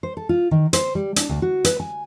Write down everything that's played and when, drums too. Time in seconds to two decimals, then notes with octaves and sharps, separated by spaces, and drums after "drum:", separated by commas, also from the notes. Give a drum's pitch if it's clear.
0.03 C5
0.17 A4
0.29 F4
0.51 D#3
0.73 C5, drum: hi-hat
0.95 G3
1.16 D4, drum: hi-hat
1.29 D2
1.42 F#4
1.64 B4, drum: hi-hat
1.80 G#5